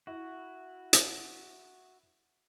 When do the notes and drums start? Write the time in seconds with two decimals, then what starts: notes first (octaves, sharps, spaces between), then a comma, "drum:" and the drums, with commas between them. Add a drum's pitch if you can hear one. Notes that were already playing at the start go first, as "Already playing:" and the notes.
0.07 E4 F#4
0.93 drum: hi-hat